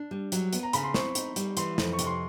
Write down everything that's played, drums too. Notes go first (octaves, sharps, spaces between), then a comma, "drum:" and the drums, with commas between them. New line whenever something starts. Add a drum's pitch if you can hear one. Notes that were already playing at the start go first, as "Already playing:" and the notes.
Already playing: D4
G3
F#3, drum: hi-hat
B3, drum: hi-hat
A#5
C#3 B5, drum: hi-hat
C6
C4 C#6, drum: snare
D#4, drum: hi-hat
G3, drum: hi-hat
E3 C6, drum: hi-hat
F2, drum: snare
C#6
C3, drum: hi-hat
C6